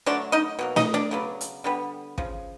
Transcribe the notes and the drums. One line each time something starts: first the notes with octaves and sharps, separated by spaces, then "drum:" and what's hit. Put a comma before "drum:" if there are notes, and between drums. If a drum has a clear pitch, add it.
D3 F#3 A3 D4 D5
D#4 D#5
B2 F#3 A#3
D#4 D#5, drum: snare
D4 D5
C#3 F#3 B3
drum: hi-hat
D3 G3 B3
C#3 F3, drum: kick